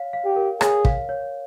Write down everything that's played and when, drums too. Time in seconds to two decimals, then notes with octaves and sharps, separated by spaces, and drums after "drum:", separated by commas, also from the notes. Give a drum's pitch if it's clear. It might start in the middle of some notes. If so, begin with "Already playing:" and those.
Already playing: C#5 F5
0.13 F5
0.24 G4
0.36 A#4
0.61 G#4 C#5, drum: rim click
0.85 F5, drum: kick
1.09 C#5